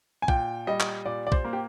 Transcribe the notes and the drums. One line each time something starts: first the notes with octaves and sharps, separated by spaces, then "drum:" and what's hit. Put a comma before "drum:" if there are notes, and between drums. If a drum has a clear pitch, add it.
G#5
A#2 G5, drum: kick
G3 D#5
drum: clap
A#2 D5
D5
C5, drum: kick
A#3
G4